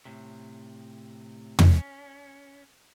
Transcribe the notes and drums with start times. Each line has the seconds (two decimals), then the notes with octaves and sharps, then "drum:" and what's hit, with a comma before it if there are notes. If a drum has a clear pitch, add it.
0.05 A2 C3
1.59 C#4, drum: tom